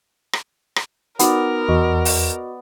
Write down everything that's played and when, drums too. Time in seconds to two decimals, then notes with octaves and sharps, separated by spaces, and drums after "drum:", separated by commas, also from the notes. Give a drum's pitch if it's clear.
0.33 drum: rim click
0.76 drum: rim click
1.19 B3 D#4 F#4 A#4 D5, drum: hi-hat
1.69 E2 F#4 D#5 C#6
2.05 drum: open hi-hat